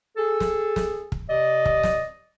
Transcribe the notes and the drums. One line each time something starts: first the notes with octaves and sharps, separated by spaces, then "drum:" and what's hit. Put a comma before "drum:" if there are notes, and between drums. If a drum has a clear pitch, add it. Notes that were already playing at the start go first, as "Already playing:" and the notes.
G#4 A4
drum: snare
drum: snare
drum: kick
C3 D5 D#5
drum: kick
drum: snare